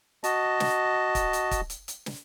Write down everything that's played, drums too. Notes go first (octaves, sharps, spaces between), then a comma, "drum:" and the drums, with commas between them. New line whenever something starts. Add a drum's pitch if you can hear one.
F#4 D#5 A5, drum: hi-hat
drum: snare
drum: kick, hi-hat
drum: hi-hat
drum: kick, hi-hat
drum: hi-hat
drum: hi-hat
drum: snare